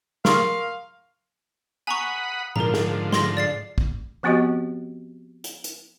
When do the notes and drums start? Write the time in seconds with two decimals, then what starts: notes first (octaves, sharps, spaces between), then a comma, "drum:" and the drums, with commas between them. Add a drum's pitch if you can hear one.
0.25 A#4 F5 C6 C#6 D#6, drum: snare
1.87 F#5 G#5 A#5 B5 C#6 D#6
2.56 G#2 D3 F3 A#4 A#5, drum: tom A#2
2.74 drum: snare
3.13 C6 A#6, drum: snare
3.37 D5 A6 C7
3.78 drum: kick
4.23 F3 B3 C4 F#4 G4 D#5
5.44 drum: hi-hat
5.64 drum: hi-hat